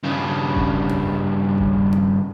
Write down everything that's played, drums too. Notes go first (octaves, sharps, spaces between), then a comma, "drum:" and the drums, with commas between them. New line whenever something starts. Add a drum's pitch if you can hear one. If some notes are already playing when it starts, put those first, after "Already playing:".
G2 C#3
drum: kick E1
drum: tom F2
drum: kick E1
drum: tom C4